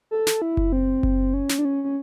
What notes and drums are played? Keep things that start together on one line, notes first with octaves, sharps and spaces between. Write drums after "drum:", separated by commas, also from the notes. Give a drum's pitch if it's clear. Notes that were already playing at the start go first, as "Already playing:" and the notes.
A4
drum: snare
E4
drum: kick F#1
C4
drum: kick F#1
C#4
drum: snare
D4
C#4
C#4